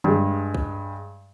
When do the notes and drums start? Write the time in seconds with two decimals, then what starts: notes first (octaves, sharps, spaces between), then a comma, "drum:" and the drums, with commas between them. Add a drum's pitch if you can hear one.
0.04 G2 G#3, drum: tom D3
0.55 drum: kick